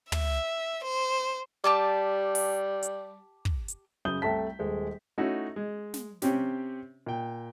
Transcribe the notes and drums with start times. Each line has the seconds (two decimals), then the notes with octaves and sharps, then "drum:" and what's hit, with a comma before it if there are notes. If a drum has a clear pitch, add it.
0.12 E5, drum: tom
0.84 C5
1.64 G3 G4 A5 D6
2.35 drum: open hi-hat
2.83 drum: hi-hat
3.45 drum: kick
3.68 drum: hi-hat
4.05 F#2 C#3 D#6 G6 G7
4.22 C2 A3 G5 A5 B6
4.59 D#1 G#3 A4
5.18 A3 C#4 D#4 E4 F#4
5.56 G#3
5.94 drum: snare
6.22 C3 C4 C#4 G4, drum: snare
7.06 A#2 G5